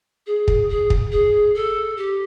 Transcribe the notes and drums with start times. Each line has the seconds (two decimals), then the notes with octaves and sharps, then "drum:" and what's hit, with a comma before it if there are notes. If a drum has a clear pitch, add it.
0.26 G#4
0.48 drum: kick
0.69 G#4
0.90 drum: kick
1.12 G#4
1.55 A4
1.97 G4